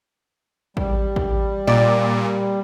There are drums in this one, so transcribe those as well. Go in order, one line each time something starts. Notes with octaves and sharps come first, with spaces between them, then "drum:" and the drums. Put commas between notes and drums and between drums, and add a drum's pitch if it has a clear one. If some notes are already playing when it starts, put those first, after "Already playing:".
G3, drum: kick A1
drum: kick A1
A#2 D5